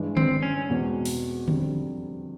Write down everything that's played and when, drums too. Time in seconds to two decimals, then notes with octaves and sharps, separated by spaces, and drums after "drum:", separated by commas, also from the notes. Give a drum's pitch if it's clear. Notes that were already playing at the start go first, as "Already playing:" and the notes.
Already playing: G2 E3 G#3
0.17 C4, drum: tom D3
0.42 C#4
0.69 E2 B2 G#3 C4
1.05 drum: open hi-hat
1.48 F2 D3 G3 C4, drum: tom D3